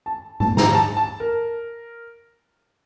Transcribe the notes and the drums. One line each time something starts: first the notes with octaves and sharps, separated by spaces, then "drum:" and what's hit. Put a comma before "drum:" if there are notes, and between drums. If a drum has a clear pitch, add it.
A5
A5, drum: tom G#2
A#5, drum: snare
A5
A5
A#4